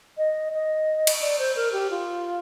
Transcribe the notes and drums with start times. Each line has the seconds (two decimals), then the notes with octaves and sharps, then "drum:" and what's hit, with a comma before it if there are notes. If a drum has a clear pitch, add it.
0.18 D#5
0.53 D#5
1.07 drum: cymbal
1.21 D5
1.39 C5
1.56 A#4
1.72 G4
1.91 F4